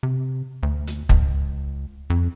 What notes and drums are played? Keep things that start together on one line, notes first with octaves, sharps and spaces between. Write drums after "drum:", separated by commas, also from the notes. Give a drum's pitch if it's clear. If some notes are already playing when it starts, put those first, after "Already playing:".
C3
D2
drum: hi-hat
C#2, drum: kick
F2